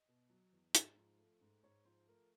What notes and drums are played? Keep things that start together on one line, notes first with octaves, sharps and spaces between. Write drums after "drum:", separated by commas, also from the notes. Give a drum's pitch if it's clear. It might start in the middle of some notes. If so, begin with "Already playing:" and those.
Already playing: D#5
B2
F#3
E2
G#2, drum: hi-hat
F3
A3
G#2
G#2 C#5
F3 C5
A3 A#4